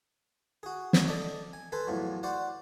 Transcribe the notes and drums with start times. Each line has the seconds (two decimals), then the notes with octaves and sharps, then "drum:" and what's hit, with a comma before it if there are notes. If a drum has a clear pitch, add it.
0.63 F#4 G#4
0.93 drum: snare
1.08 A4 D5 D#5
1.53 G#5
1.72 A4 B4 C5 G#5
1.87 E2 A2 F3 F#3
2.23 F#4 C5 D5 F#5